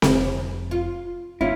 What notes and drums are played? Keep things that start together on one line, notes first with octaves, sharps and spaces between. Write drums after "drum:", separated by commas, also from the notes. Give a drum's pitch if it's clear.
F1, drum: snare C4
F4
G1 C#4 E4 F4